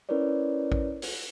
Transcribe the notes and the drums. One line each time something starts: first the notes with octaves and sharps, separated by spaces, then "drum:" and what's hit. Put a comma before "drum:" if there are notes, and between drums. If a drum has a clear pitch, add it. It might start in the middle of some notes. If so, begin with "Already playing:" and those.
C#4 E4 A#4 B4 C#5 D5
drum: kick
drum: open hi-hat